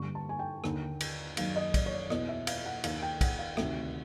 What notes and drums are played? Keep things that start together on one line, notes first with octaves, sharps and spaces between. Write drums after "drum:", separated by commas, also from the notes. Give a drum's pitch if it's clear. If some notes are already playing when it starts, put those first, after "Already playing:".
Already playing: G2 D3 C#6
A5
G#5
G5
D#2 D3, drum: rim click
drum: cymbal
F#2 D#3 F5, drum: cymbal
D#5
D5, drum: kick, cymbal
C#5
D5
E2 B2 D#5, drum: rim click
E5
F5, drum: cymbal
F#5
D#2 D#3 F5, drum: cymbal
G5
F#5, drum: kick, cymbal
F5
D2 C3 D#3 E5, drum: rim click